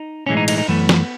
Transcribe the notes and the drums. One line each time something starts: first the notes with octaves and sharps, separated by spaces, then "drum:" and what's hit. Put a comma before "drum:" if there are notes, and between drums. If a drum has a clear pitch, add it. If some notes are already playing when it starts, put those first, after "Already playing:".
Already playing: D#4
B1 A2 E3 G#3 C#4
D#4
D#4, drum: cymbal
D#4
F#2 E3 A3 B3
drum: snare